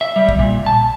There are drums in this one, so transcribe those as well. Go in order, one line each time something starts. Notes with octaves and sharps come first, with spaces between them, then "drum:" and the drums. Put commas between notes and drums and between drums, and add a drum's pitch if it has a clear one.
E5
G3
drum: kick
A#2
A5